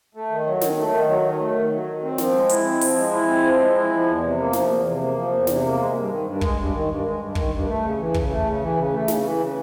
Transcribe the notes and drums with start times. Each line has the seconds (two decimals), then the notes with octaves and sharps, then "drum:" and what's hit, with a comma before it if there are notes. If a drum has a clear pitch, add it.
0.15 A3
0.30 D#3
0.46 F#3
0.61 D#3, drum: snare
0.77 A3
0.93 D#3
1.08 F#3
1.24 D#3
1.40 A3
1.56 D#3
1.71 F#3
1.87 D#3
2.03 C4
2.18 F3, drum: snare
2.34 G#3
2.49 E4, drum: hi-hat
2.65 C4
2.81 F3, drum: open hi-hat
2.96 G#3
3.12 E4
3.28 C4
3.43 F3
3.59 G#3
3.75 E4
3.91 F3
4.06 E2
4.22 C3
4.38 A#3
4.53 F3, drum: snare
4.69 E2
4.85 C3
5.01 A#3
5.16 F3
5.32 E2
5.47 C3, drum: snare
5.63 A#3
5.79 G#3
5.95 G2
6.10 D#3
6.26 G2
6.41 G#3, drum: kick
6.57 G2
6.73 D#3
6.89 G2
7.04 G#3
7.20 G2
7.35 D#3, drum: kick
7.51 G2
7.67 A3
7.83 C#3
7.98 E3
8.14 C#3, drum: kick
8.29 A3
8.45 C#3
8.61 E3
8.76 C#3
8.93 A3
9.08 C#3, drum: snare
9.23 E3
9.39 C#3